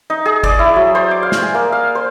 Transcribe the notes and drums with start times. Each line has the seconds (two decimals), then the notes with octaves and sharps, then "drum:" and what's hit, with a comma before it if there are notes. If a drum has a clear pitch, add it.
0.10 D#4
0.26 G#4
0.43 D5, drum: kick G#1, cymbal
0.59 E4
0.76 F#3
0.95 C5
1.11 D6
1.23 F5
1.32 drum: snare
1.42 G#5
1.55 A#3
1.72 F5
1.95 C5